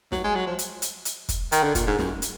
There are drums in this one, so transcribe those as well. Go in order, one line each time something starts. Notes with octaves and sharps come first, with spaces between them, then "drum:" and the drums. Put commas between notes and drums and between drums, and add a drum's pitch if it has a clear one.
F#3, drum: snare
G#3
F#3
F3
drum: hi-hat
drum: hi-hat
drum: hi-hat
drum: kick, hi-hat
D#3, drum: hi-hat
D3
A#2, drum: kick, hi-hat
G#2
F#2, drum: snare
drum: hi-hat